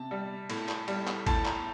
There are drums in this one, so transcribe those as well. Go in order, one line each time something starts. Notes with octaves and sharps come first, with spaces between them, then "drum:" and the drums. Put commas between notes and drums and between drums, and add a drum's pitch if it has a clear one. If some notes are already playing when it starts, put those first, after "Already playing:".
Already playing: C3 A5
G3
A2, drum: cymbal
drum: clap
G3, drum: cymbal
drum: clap
A2 A5, drum: kick G#1, cymbal
A#5, drum: clap